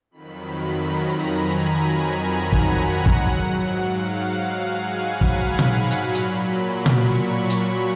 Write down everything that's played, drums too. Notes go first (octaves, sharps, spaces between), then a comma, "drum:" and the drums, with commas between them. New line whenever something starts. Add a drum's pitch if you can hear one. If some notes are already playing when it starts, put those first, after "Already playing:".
F2 D#3 F#3 B5
A#5
G#5
G#5
F#5
drum: kick
F#3, drum: kick
G#2
F5
G#5
B5
drum: kick
drum: tom A#2
drum: hi-hat
A#2 F#3
drum: hi-hat
C#6
drum: tom A#2
B5, drum: hi-hat